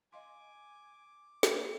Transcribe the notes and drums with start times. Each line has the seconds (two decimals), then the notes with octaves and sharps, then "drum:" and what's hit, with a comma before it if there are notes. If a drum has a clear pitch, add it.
0.13 D#5 F5 G#5 C6 D6
1.43 A#3 D4 E4 G#5 E6, drum: snare